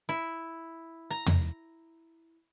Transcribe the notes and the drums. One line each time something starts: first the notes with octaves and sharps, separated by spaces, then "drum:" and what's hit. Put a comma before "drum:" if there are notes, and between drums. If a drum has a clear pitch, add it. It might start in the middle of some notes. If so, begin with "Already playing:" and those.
E4
A#5
drum: tom